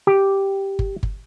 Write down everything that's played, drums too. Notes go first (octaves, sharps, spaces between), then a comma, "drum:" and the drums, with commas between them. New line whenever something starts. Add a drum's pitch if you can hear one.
G4
drum: kick G1
drum: kick G1